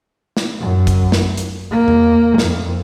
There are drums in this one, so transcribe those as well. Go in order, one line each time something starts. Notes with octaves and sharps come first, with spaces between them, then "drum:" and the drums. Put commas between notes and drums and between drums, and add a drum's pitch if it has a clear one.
drum: snare
F#2
drum: kick, hi-hat
drum: snare
drum: hi-hat
A#3
drum: tom E2
F2, drum: snare